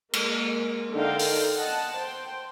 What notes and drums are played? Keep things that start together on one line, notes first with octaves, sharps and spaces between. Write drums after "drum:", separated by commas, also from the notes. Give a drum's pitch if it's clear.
G#3 A#3, drum: cymbal
D3 D#4 A4 A#4 F5 G5
drum: open hi-hat
D#5 F#5 A5
C5 G5